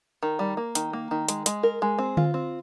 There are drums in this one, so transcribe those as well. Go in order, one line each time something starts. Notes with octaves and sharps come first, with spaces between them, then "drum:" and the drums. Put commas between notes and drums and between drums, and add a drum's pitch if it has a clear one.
D#3
G3
A#3
D#3, drum: hi-hat
A#3
D#3
G#3, drum: hi-hat
G#3, drum: hi-hat
A#4
G#3
C4
F4, drum: tom D3
C4